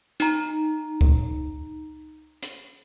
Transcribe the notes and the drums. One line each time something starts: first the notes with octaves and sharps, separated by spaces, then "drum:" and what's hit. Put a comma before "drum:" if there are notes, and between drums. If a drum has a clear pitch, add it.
D#4 A#5, drum: hi-hat
drum: kick C#2
drum: hi-hat